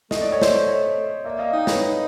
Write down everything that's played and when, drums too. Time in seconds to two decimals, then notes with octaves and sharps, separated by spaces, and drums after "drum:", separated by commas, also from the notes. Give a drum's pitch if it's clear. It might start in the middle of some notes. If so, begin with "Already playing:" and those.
0.11 A3 D#5, drum: snare
0.21 D5
0.32 C#5
0.42 C5 D5, drum: snare
0.67 C#5 D#5
1.24 A#3 D5 E5
1.39 D#5 F5
1.53 D#4 F5 G5
1.67 B4 C#5, drum: snare
1.82 D#4